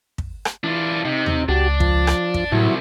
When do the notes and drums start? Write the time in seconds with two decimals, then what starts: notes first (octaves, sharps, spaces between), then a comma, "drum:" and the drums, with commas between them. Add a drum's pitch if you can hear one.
0.18 drum: kick
0.45 drum: rim click
0.64 E3 D4 F4
1.05 C3 D#4
1.26 drum: tom D#2
1.49 C#2 D4 F#4 G4
1.80 F3, drum: kick
2.07 drum: rim click
2.34 drum: kick
2.52 C2 A2 F#3 E4